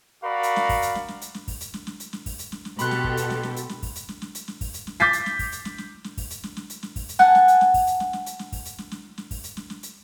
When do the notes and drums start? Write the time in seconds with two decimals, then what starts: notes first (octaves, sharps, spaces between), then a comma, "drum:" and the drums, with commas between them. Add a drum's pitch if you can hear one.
0.24 F#4 A#4 D5 F5 B5
0.43 drum: hi-hat
0.56 drum: snare
0.69 drum: kick, open hi-hat
0.82 drum: hi-hat
0.95 drum: snare
1.08 drum: snare
1.21 drum: hi-hat
1.34 drum: snare
1.48 drum: kick, open hi-hat
1.61 drum: hi-hat
1.74 drum: snare
1.87 drum: snare
2.00 drum: hi-hat
2.13 drum: snare
2.26 drum: kick, open hi-hat
2.39 drum: hi-hat
2.52 drum: snare
2.65 drum: snare
2.79 B2 G4 A4 B5 C6 F#6, drum: hi-hat
2.91 drum: snare
3.04 drum: kick
3.17 drum: hi-hat
3.30 drum: snare
3.43 drum: snare
3.56 drum: hi-hat
3.69 drum: snare
3.82 drum: kick, open hi-hat
3.96 drum: hi-hat
4.09 drum: snare
4.22 drum: snare
4.35 drum: hi-hat
4.48 drum: snare
4.61 drum: kick, open hi-hat
4.74 drum: hi-hat
4.87 drum: snare
5.00 D6 G6 A6 B6 C7, drum: snare
5.13 drum: hi-hat
5.26 drum: snare
5.39 drum: kick, open hi-hat
5.52 drum: hi-hat
5.65 drum: snare
5.78 drum: snare
6.04 drum: snare
6.17 drum: kick, open hi-hat
6.30 drum: hi-hat
6.44 drum: snare
6.57 drum: snare
6.70 drum: hi-hat
6.83 drum: snare
6.96 drum: kick, open hi-hat
7.09 drum: hi-hat
7.19 F#5 G#5 A5 F#6, drum: snare
7.35 drum: snare
7.48 drum: hi-hat
7.61 drum: snare
7.74 drum: kick, open hi-hat
7.87 drum: hi-hat
8.00 drum: snare
8.13 drum: snare
8.26 drum: hi-hat
8.39 drum: snare
8.52 drum: kick, open hi-hat
8.65 drum: hi-hat
8.78 drum: snare
8.92 drum: snare
9.18 drum: snare
9.31 drum: kick, open hi-hat
9.44 drum: hi-hat
9.57 drum: snare
9.70 drum: snare
9.83 drum: hi-hat